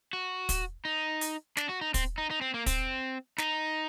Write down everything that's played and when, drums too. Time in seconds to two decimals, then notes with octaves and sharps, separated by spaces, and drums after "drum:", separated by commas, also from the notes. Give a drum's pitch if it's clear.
0.13 F#4
0.49 drum: kick, hi-hat
0.85 D#4
1.21 drum: hi-hat
1.57 D4, drum: snare
1.69 F#4
1.81 D#4
1.94 C4, drum: kick, hi-hat
2.18 D#4
2.30 D#4
2.41 C4
2.54 A#3
2.66 C4, drum: kick, hi-hat
3.38 D#4, drum: snare